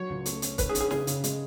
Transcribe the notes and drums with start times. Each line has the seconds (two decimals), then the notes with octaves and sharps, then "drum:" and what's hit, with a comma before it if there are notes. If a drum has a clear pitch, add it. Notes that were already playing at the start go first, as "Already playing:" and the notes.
Already playing: F#3 C#5
0.10 C#2
0.26 A3, drum: hi-hat
0.42 C#4, drum: hi-hat
0.58 C#4 B4, drum: kick, hi-hat
0.69 G#4
0.75 C#4, drum: hi-hat
0.80 G#4
0.91 C#3 G#4, drum: snare
1.07 C#3, drum: hi-hat
1.24 G#3, drum: hi-hat